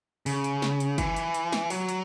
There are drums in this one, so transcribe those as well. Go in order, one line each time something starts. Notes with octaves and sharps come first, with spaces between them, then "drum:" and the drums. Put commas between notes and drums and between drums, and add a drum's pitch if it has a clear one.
C#3, drum: open hi-hat
drum: hi-hat
drum: snare
drum: hi-hat
E3, drum: kick, hi-hat
drum: hi-hat
drum: hi-hat
drum: snare
F#3, drum: open hi-hat
drum: hi-hat